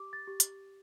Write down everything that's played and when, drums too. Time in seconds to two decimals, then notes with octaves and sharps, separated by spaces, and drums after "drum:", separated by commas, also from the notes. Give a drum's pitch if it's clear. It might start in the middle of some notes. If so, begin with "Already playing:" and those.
Already playing: G4 D6
0.13 A6
0.27 G4
0.40 drum: hi-hat